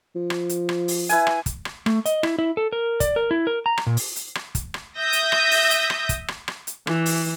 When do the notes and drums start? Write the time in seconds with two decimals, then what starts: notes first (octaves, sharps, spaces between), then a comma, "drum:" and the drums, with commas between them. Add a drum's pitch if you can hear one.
0.15 F3
0.30 drum: rim click
0.49 drum: hi-hat
0.69 drum: rim click
0.88 drum: open hi-hat
1.09 E4 B4 G#5, drum: hi-hat
1.27 drum: rim click
1.46 drum: kick, hi-hat
1.65 drum: rim click
1.86 A3, drum: rim click
2.06 D#5, drum: hi-hat
2.23 E4, drum: rim click
2.39 E4
2.57 A4
2.72 A#4
3.00 D5, drum: kick, hi-hat
3.16 A#4
3.31 E4
3.47 A#4
3.66 A#5
3.77 drum: rim click
3.87 A#2
3.97 drum: open hi-hat
4.16 drum: hi-hat
4.35 drum: rim click
4.55 drum: kick, hi-hat
4.74 drum: rim click
4.98 E5 D#6 G6 A#6
5.13 drum: hi-hat
5.32 drum: rim click
5.51 drum: open hi-hat
5.70 drum: hi-hat
5.90 drum: rim click
6.09 drum: kick, hi-hat
6.28 drum: rim click
6.48 drum: rim click
6.67 drum: hi-hat
6.87 E3, drum: rim click
7.06 drum: open hi-hat